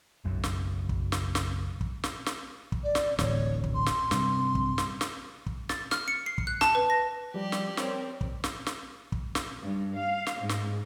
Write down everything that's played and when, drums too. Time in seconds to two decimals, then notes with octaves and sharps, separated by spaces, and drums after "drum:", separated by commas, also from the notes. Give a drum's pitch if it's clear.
0.24 F#1 B1 F#2
0.44 drum: snare
0.89 drum: kick
1.12 drum: snare
1.35 drum: snare
1.81 drum: kick
2.04 drum: snare
2.26 drum: snare
2.72 drum: kick
2.83 D5
2.95 drum: snare
3.19 D1 A1 C#5, drum: snare
3.64 drum: kick
3.74 C6
3.86 drum: snare
4.11 G2 C3, drum: snare
4.55 drum: kick
4.78 drum: snare
5.01 drum: snare
5.46 drum: kick
5.69 A6, drum: snare
5.91 F6, drum: snare
6.08 C#7
6.26 C7
6.38 drum: kick
6.47 F#6
6.61 A5, drum: snare
6.75 B4
6.90 A#6
7.34 F3 G3 G4 D5
7.52 drum: snare
7.77 C4 A#4 C5 C#5, drum: snare
8.21 drum: kick
8.44 drum: snare
8.66 drum: snare
9.12 drum: kick
9.35 drum: snare
9.62 G2
9.98 F5
10.27 drum: snare
10.40 G#2
10.49 drum: snare